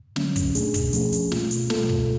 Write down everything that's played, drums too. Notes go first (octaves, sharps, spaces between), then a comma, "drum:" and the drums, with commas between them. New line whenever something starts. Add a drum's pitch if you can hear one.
D3 F#3 C#4, drum: snare
drum: kick, hi-hat
B2 A3 D4 G#4, drum: hi-hat
drum: kick, hi-hat
F3 A3 C#4 G#4, drum: hi-hat
drum: hi-hat
B2 A3 F4, drum: snare
drum: hi-hat
B2 A3 F4 A4, drum: snare
drum: kick